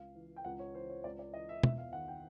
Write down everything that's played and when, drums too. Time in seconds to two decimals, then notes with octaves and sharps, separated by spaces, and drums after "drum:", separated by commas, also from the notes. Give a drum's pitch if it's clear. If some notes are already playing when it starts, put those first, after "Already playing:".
Already playing: C#2 F5
0.15 E3
0.36 G5
0.44 C#2 F#5
0.59 C#5
0.74 E3 C5
0.90 C#5
1.04 C#2 D5
1.19 D5
1.34 E3 D#5
1.49 E5
1.63 E2 E5, drum: tom
1.78 F5
1.93 D#3 F#5
2.08 G5